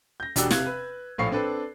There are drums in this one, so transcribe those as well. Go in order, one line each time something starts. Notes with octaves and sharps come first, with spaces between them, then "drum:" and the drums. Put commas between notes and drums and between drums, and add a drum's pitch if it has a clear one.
G6 A#6
E1 D4 F#4 G4 E6, drum: hi-hat
C3 F5 F#6 G#6, drum: snare
B4
A#1 A2 F3 F5 C#6 C7
C4 D4 A4 B4